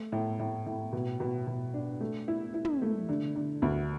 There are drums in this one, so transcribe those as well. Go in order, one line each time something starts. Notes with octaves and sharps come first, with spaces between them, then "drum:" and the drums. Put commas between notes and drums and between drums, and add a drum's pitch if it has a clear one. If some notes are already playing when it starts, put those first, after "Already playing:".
Already playing: A3
A2
A2
A2
B2
B2
B2
D4
A3
E4
E4
drum: tom
A3
D3
D3
D2